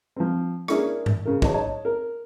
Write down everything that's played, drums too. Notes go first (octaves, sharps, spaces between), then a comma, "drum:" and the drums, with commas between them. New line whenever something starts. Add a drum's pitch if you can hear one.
F3 C4
A#3 C#4 D4 E4 G#4 A#4, drum: rim click
drum: tom G2
C#3 A#4
E2 F#3 D#4 F#4 C#5 A5, drum: kick
C#5 D#5 A5
A#4